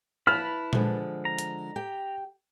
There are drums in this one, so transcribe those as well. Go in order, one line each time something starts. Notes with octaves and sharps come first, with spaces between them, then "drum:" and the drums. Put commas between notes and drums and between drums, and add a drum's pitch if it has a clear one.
E4 B4 A5 B5 F6
D3 F3 G#3, drum: tom A#2
A#5
drum: hi-hat
G4 G5